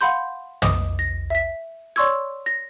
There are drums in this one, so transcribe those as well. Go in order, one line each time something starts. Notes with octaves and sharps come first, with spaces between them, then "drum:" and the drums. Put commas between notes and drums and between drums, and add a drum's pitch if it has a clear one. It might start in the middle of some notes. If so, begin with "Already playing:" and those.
F5 F#5 B5 C6 G6
D#5 D6 D#6, drum: tom
A#6
E5 B6
C#5 D5 C6 C#6 E6 G#6
A#6